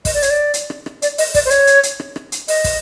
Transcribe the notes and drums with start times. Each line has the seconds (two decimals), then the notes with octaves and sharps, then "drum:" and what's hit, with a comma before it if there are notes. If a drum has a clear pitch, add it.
0.05 D#5, drum: kick, open hi-hat
0.14 D5
0.22 C#5, drum: hi-hat
0.30 D5
0.54 drum: hi-hat
0.70 drum: rim click
0.86 drum: rim click
1.02 D5, drum: hi-hat
1.18 D#5, drum: open hi-hat
1.34 D5, drum: kick, open hi-hat
1.46 C5
1.50 C#5, drum: hi-hat
1.67 drum: hi-hat
1.83 drum: hi-hat
2.00 drum: rim click
2.16 drum: rim click
2.32 drum: hi-hat
2.48 D#5, drum: open hi-hat
2.64 drum: kick, open hi-hat